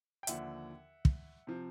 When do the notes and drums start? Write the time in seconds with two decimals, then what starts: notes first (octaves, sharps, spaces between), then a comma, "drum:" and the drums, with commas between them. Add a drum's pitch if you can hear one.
0.23 G5
0.27 D#2 D3 F3 E5 F#5, drum: hi-hat
1.05 drum: kick
1.47 C3 F3